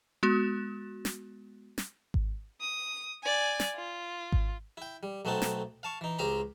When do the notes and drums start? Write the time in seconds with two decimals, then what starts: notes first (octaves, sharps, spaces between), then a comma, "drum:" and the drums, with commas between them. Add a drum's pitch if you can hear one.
0.23 G#3 B3 F#4
1.05 drum: snare
1.78 drum: snare
2.14 drum: kick G#1
2.61 D#6
3.23 D5 G#5
3.60 drum: snare
3.75 F4
4.32 drum: kick G#1
4.77 E4 G5
5.03 G3
5.25 B1 A3 B3 C4 D#4 A5
5.42 drum: snare
5.83 F5 A5 C#6
6.01 E3 D#4
6.19 C#2 C4 G4 C5 A#5